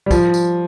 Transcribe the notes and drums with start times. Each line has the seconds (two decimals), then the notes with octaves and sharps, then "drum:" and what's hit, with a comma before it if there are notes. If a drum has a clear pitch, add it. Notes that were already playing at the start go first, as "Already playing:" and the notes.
0.06 G3
0.11 F3, drum: kick, tambourine
0.34 drum: tambourine